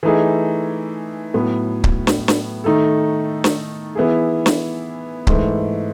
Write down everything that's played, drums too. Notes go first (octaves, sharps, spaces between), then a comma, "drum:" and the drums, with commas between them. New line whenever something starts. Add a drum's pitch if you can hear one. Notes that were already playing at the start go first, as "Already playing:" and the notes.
E3 A3 D#4 G#4
A2 F#3 B3
drum: kick C#1
drum: snare
drum: snare
D#3 A3 D#4 A4
drum: snare
E3 B3 E4 G#4
drum: snare
G#2 E3 A3, drum: kick C#1